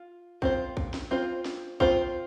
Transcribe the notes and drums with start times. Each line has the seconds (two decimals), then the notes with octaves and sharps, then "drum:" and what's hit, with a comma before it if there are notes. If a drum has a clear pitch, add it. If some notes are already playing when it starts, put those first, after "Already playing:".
Already playing: F4
0.42 C4 F4 C5, drum: kick
0.77 drum: kick
0.94 drum: snare
1.11 C4 F4 C5
1.45 drum: snare
1.80 C4 F4 C5, drum: kick